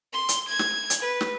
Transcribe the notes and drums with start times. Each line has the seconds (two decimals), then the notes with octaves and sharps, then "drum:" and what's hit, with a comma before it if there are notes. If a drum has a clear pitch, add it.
0.13 C6
0.29 drum: hi-hat
0.48 G#6
0.59 drum: snare
0.90 drum: hi-hat
1.02 B4
1.21 drum: snare